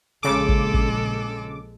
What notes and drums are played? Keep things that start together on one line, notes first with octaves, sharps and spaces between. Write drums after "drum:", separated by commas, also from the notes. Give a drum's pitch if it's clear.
A#1 C#3 G#3 A4 D6
drum: kick
drum: kick